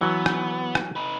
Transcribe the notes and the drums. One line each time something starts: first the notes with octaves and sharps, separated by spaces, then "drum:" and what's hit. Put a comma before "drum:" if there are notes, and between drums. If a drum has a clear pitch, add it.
E3 F#3 B3
drum: rim click
drum: rim click
D#4 B4